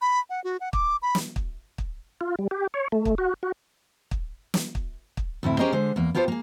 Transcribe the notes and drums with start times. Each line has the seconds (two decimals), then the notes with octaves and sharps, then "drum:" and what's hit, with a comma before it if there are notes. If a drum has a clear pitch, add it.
0.01 B5
0.30 F#5
0.44 F#4
0.60 F#5
0.73 D6, drum: kick
1.02 B5
1.15 drum: snare
1.36 drum: kick
1.78 drum: kick
2.21 F4
2.39 G3
2.51 G4
2.74 C#5
2.92 A3
3.05 drum: kick
3.18 F#4
3.43 F#4
4.11 drum: kick
4.54 drum: snare
4.75 drum: kick
5.17 drum: kick
5.43 D2 A2 C4 E4
5.59 C#4 G4 G#4 A#4 C5 D#5
5.73 D3 G#3 C5
5.96 E2 A#3
6.15 B3 F4 G4 A4 C5
6.28 A#3 G#4